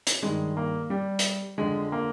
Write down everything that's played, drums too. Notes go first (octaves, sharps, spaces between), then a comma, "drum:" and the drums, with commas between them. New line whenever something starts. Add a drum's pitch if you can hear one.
drum: hi-hat
G2 D#3 G#3
A#3
G3
drum: hi-hat
F2 D3 G#3
A#3